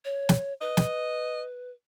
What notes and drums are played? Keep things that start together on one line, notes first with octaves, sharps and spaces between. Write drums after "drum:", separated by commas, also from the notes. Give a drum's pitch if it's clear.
C#5
drum: snare
B4 D#5
drum: snare